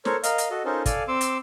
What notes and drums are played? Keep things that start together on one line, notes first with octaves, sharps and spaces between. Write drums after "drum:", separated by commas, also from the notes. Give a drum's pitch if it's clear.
A4 A#4 C5 C#5, drum: snare
A#4 D#5 F5, drum: hi-hat
drum: hi-hat
F#4 A4 D#5
C#4 D#4 F4 A4 A#4 C5
A4 D5 F5 G#5, drum: kick, hi-hat
C4 C6 D6 E6
drum: hi-hat